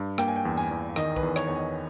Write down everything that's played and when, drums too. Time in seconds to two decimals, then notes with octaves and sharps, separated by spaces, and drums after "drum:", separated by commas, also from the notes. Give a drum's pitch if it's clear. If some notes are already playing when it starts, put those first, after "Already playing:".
Already playing: G2
0.18 A#3 G5, drum: rim click
0.28 G#5
0.36 G5
0.45 E2
0.57 G#5, drum: tambourine
0.71 E2
0.96 D#3 D#5, drum: rim click
1.16 B4, drum: kick
1.23 E2
1.36 C#5, drum: rim click
1.48 E2 C#5
1.55 D#5